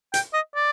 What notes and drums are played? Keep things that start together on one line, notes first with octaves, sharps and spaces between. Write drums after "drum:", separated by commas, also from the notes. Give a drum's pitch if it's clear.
G5, drum: hi-hat
D#5
D5